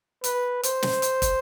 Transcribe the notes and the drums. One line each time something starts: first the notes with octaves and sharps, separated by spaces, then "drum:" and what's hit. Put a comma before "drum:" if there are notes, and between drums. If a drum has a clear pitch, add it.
B4, drum: hi-hat
C5, drum: hi-hat
drum: snare
drum: hi-hat
drum: kick, hi-hat